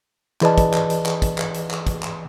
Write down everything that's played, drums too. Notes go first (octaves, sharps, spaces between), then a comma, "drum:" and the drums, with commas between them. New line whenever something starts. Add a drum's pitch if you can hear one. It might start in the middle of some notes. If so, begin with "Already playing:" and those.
E3 G#4 B4 D5 D#5 A5, drum: clap
drum: kick, hi-hat
drum: clap
drum: hi-hat
drum: clap
drum: kick, hi-hat
drum: clap
drum: hi-hat
drum: clap
drum: kick, hi-hat
drum: clap